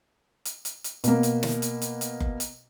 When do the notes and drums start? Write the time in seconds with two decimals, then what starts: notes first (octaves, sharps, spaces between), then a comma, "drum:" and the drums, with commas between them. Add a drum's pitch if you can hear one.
0.45 drum: hi-hat
0.65 drum: hi-hat
0.84 drum: hi-hat
1.04 B2 A#3, drum: hi-hat
1.23 drum: hi-hat
1.43 drum: snare
1.62 drum: hi-hat
1.82 drum: hi-hat
2.01 drum: hi-hat
2.20 drum: kick F#1
2.40 drum: hi-hat